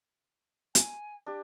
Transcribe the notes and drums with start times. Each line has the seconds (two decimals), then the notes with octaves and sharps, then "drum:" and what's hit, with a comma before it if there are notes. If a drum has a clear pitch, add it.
0.75 G#5, drum: hi-hat
1.26 D4 G4